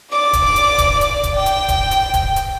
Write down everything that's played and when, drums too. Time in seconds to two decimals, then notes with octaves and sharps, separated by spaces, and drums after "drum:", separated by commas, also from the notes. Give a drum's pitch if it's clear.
0.11 D5 D6
0.33 drum: kick, hi-hat
0.56 drum: hi-hat
0.78 drum: kick, hi-hat
1.01 drum: hi-hat
1.23 drum: kick, hi-hat
1.36 G5
1.46 drum: hi-hat
1.69 drum: kick, hi-hat
1.91 drum: hi-hat
2.14 drum: kick, hi-hat
2.36 drum: hi-hat